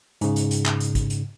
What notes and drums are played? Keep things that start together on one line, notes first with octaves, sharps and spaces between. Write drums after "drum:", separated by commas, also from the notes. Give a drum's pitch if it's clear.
G#2 C#3, drum: hi-hat
drum: hi-hat
drum: hi-hat
drum: clap
drum: hi-hat
drum: kick G#1, hi-hat
drum: hi-hat